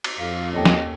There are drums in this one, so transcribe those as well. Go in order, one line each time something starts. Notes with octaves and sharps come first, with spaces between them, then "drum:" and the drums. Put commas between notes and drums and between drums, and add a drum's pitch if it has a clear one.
drum: cymbal
F2 F5
D#2 C#4 A4 D#5 G5
drum: snare